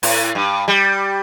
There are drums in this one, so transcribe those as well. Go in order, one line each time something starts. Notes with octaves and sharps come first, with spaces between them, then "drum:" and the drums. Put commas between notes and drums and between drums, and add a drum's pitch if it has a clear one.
A2, drum: open hi-hat
G2
G3